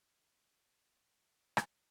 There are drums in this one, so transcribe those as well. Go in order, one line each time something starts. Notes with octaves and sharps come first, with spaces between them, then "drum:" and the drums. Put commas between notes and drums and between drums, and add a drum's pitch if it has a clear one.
A3 A#3 C4 F4 G4 B4
drum: rim click